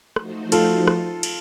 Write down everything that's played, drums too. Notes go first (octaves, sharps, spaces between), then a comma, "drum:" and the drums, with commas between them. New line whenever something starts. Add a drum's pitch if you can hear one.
F3 A3 D#4 F#4 C5, drum: rim click
F4 A4, drum: cymbal
drum: rim click
drum: cymbal